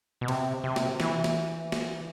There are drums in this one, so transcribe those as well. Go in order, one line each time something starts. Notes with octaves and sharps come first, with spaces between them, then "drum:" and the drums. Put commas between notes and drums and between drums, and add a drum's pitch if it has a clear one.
B2
C3, drum: cymbal
C3
drum: snare
E3, drum: snare
drum: snare
drum: snare